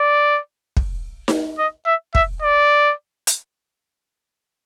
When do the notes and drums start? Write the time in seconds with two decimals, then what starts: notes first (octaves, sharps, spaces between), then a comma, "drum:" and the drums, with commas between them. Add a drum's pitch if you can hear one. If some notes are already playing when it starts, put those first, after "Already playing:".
Already playing: D5
0.77 drum: kick
1.28 drum: snare D#4
1.58 D#5
1.86 E5
2.15 E5, drum: kick
2.42 D5
3.27 drum: hi-hat